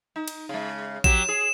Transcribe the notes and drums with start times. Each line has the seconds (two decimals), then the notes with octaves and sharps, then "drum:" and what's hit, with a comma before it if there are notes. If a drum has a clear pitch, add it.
0.16 D#4
0.28 drum: cymbal
0.49 C#3 G#3
1.04 F#3 G4 E7, drum: kick A#1, cymbal
1.28 G#4